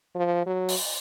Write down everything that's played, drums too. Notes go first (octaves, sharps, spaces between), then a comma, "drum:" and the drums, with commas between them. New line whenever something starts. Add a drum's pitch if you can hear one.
F3
F#3
drum: open hi-hat